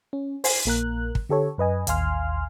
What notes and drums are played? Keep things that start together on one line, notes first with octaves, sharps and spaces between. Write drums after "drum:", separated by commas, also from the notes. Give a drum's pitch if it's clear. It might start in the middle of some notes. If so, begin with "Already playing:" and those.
C#4
C5 G#5 C7, drum: open hi-hat
A#1 A#3 A#4 F#6
drum: kick
D3 G4 A4 C#5
F#2 B4 D#5 G#5
A1 D#2 F5 G#5 C6 F6, drum: hi-hat